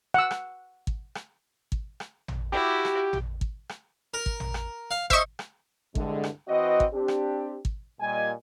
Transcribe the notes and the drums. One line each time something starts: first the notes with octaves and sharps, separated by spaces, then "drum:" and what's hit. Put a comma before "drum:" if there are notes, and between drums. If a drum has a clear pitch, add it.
F#5 E6
drum: rim click
drum: kick
drum: rim click
drum: kick
drum: rim click
drum: tom
E4 F#4 G4
drum: rim click
drum: tom
drum: kick
drum: rim click
A#4
drum: kick
drum: tom
drum: rim click
F5
C5 D#5 E5 C#6, drum: kick
drum: rim click
C2 G2 D3 G#3, drum: kick
drum: rim click
E3 C4 F#4 B4 D#5
drum: kick
C4 D4 G4
drum: rim click
drum: kick
A#2 G3 D#5 G#5